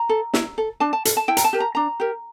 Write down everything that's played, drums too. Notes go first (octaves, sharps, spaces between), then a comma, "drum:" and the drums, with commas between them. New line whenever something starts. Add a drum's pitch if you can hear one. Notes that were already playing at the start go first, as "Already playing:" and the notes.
Already playing: A#5
A4
E4, drum: snare
A4
D4 A5
A5
A4, drum: hi-hat
A5
E4 G5
A#5, drum: hi-hat
A5
G4 A#4
A#5
D4 A#5
G4 A#4